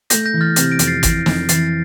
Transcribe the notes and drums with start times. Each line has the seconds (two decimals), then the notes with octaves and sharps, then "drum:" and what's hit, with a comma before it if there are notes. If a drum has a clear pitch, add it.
0.10 A3 G6 A#6, drum: hi-hat
0.26 G6 A#6
0.34 E3
0.41 F6 A6
0.56 C3 G6 A#6, drum: hi-hat
0.72 A#6 D7
0.79 F2, drum: hi-hat
0.87 A6 C7
1.03 E3 A#6 D7, drum: kick, hi-hat
1.26 F2, drum: snare
1.49 E3 A6 C7, drum: hi-hat